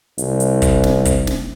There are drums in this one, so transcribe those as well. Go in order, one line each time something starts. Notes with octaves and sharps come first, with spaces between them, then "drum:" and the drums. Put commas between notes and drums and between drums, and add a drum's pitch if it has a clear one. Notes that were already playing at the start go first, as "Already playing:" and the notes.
C2, drum: hi-hat
drum: hi-hat
drum: kick, hi-hat
drum: snare
drum: kick, hi-hat
drum: snare